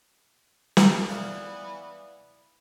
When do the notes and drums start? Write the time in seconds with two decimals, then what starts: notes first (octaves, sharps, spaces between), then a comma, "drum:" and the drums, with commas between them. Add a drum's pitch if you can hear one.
0.77 drum: snare
0.94 E3 B3
1.09 E4 D5 F5